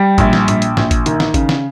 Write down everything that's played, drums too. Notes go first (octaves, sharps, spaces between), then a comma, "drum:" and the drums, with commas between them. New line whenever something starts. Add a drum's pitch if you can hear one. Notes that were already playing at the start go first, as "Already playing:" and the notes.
Already playing: G3 G5
A#1, drum: kick G#1, hi-hat
drum: snare
A#1, drum: hi-hat
drum: hi-hat
A#1, drum: snare
drum: kick G#1, hi-hat
D#3, drum: hi-hat
drum: snare
C#3, drum: kick G#1, hi-hat
drum: snare